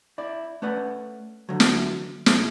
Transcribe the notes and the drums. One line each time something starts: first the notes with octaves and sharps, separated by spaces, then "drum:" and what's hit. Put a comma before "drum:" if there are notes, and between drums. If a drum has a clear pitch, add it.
E4 D5
A3 C#4 B4 D5 F#5
D3 F#3
drum: snare
F#2 C3 G#3, drum: snare